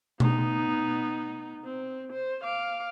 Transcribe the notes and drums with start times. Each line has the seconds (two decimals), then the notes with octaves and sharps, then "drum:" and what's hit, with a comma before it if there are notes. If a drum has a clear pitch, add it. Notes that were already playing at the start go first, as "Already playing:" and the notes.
0.20 B3 D#4, drum: tom B2
1.64 C4
2.13 C5
2.44 F5 D6